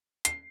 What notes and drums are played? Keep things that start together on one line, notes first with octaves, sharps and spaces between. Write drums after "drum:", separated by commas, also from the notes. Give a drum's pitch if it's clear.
C7, drum: hi-hat